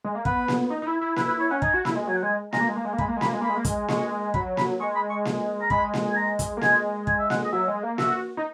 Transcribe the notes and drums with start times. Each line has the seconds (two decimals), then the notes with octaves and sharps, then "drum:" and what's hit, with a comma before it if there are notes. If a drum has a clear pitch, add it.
0.04 G#3
0.15 A#3
0.25 B3 B4, drum: kick
0.48 drum: snare A#3
0.70 D#4
0.82 D#4
0.87 E4
1.01 E4
1.16 E4 B4, drum: snare A#3
1.28 B4
1.40 C#5
1.51 C#4 F#5
1.62 D#4 G#5, drum: kick
1.74 F#4
1.85 E4, drum: snare A#3
1.96 G#3
2.07 F#3 G#5
2.16 F#5
2.22 G#3 G#5
2.53 G#3 A#5, drum: snare A#3
2.60 A#3
2.68 G#3
2.76 A#3
2.85 G#3
2.93 A#3
2.98 G#3 B5, drum: kick
3.08 A#3
3.16 G#3
3.21 B5, drum: snare A#3
3.25 A#3
3.33 G#3
3.41 A#3 B5
3.49 G#3
3.57 A#3
3.65 G#3, drum: kick, hi-hat
3.88 G#3 C#6, drum: snare A#3
4.34 F#3 B5, drum: kick
4.57 B5, drum: snare A#3
4.80 G#3 C#6
4.95 B5
5.10 C#6
5.25 drum: snare A#3
5.61 A#5
5.70 G#3 B5, drum: kick
5.94 drum: snare A#3
6.11 G#5
6.16 A#5
6.39 drum: kick, hi-hat
6.57 A#3
6.61 G#3 G#5, drum: snare A#3
7.07 G#5, drum: kick
7.19 E5
7.30 F#5, drum: snare A#3
7.44 D#5
7.52 F#3 E5
7.68 G#3
7.83 A#3
7.98 F#4 E5, drum: snare A#3
8.37 D#4